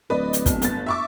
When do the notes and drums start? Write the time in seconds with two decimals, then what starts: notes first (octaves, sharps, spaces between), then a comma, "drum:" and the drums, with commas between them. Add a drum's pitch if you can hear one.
0.10 D1 B4 D5 D#5
0.33 drum: hi-hat
0.46 B1, drum: kick, hi-hat
0.62 G1 B3 A6, drum: hi-hat
0.86 E5 C#6 D6